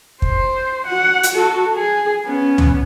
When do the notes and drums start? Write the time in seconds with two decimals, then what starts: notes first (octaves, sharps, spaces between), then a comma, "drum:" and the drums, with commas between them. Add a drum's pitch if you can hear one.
0.22 C5, drum: kick
0.86 F#4 F#5
1.23 drum: hi-hat
1.34 F#4 A4
1.75 G#4
2.25 B3 C#4
2.58 drum: tom C#2